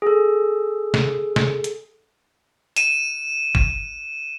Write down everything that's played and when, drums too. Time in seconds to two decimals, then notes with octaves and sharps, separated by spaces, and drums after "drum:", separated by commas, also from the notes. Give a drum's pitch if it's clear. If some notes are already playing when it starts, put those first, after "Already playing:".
0.02 G#4 A4
0.94 drum: snare
1.36 drum: snare
1.64 drum: hi-hat
2.76 D#7 E7, drum: hi-hat
3.55 drum: kick